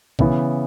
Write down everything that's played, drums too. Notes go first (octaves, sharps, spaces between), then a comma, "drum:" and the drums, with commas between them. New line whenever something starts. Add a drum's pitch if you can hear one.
C#3 E3 B3, drum: kick A#1